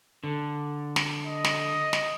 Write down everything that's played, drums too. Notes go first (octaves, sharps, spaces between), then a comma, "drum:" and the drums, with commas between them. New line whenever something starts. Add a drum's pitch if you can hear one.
D3
drum: snare
D#5
drum: snare
drum: snare